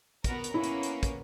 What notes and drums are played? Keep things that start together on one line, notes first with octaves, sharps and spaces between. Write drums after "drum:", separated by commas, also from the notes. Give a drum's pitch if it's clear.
B3 F#4 A#4, drum: kick, hi-hat
drum: hi-hat
A#3 B3 C#4 E4
drum: hi-hat
drum: hi-hat
drum: kick, hi-hat